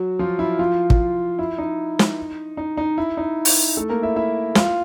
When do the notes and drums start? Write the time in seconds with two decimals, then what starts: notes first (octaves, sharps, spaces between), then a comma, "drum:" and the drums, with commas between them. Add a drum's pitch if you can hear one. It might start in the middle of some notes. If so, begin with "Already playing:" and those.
Already playing: F#3 F#4
0.19 F3 F4
0.39 E4
0.59 F3 F4
0.90 drum: kick
1.39 E4
1.58 D#4
1.99 drum: snare
2.57 D#4
2.77 D#4
2.98 E4
3.17 D#4
3.45 drum: open hi-hat
3.77 A3 A4
3.90 A#3 A#4
4.03 E4 E5
4.16 E4 E5
4.55 F4 F5, drum: snare